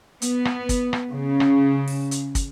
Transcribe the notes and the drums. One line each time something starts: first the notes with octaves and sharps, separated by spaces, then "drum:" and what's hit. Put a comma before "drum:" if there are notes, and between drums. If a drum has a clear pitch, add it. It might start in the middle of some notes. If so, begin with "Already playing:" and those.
B3, drum: hi-hat
drum: rim click
drum: kick, hi-hat
drum: rim click
C#3
drum: rim click
drum: open hi-hat
drum: hi-hat
drum: kick, hi-hat